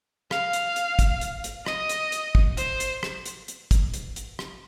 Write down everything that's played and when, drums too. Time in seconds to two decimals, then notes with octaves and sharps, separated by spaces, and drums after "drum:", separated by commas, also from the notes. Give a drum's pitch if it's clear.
0.31 F5, drum: rim click
0.53 drum: hi-hat
0.76 drum: hi-hat
0.99 drum: kick, hi-hat
1.21 drum: hi-hat
1.44 drum: hi-hat
1.66 D#5, drum: rim click
1.89 drum: hi-hat
2.12 drum: hi-hat
2.35 drum: kick
2.57 C5, drum: hi-hat
2.80 drum: hi-hat
3.03 drum: rim click
3.26 drum: hi-hat
3.48 drum: hi-hat
3.71 drum: kick, hi-hat
3.94 drum: hi-hat
4.16 drum: hi-hat
4.39 drum: rim click